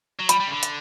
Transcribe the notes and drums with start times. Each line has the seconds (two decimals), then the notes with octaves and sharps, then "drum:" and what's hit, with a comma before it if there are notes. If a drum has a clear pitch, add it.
0.20 F#3
0.29 G3 B5, drum: hi-hat
0.40 G3
0.47 C#3
0.51 D3
0.63 drum: hi-hat